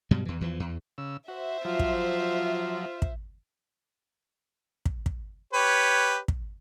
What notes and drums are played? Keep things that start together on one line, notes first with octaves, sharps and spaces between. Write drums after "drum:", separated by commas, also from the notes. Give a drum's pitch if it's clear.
G2 B2 F#3 G3
E2 E3
E2 E3 F3
E2
C#3 E6
F#4 C5 E5
F3 F#3 F4
drum: kick
drum: kick
drum: kick
drum: kick
G4 B4 C#5
drum: kick